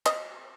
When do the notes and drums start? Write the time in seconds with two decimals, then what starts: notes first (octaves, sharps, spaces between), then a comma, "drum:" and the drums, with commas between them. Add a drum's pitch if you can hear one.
0.06 D#5, drum: clap